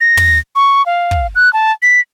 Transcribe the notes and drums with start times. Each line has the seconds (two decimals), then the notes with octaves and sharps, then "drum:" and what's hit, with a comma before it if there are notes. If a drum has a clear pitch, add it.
0.01 A#6
0.17 drum: tom
0.56 C#6
0.86 F5
1.11 drum: kick
1.35 F#6
1.53 A5
1.82 B6